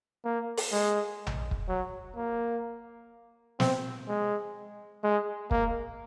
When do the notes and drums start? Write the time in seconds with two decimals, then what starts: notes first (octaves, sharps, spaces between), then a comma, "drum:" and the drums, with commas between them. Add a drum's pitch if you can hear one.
0.25 A#3
0.57 drum: open hi-hat
0.72 G#3
1.27 drum: tom A#1
1.51 drum: kick
1.68 F#3
2.16 A#3
3.60 C4, drum: snare
4.08 G#3
5.03 G#3
5.51 A#3, drum: kick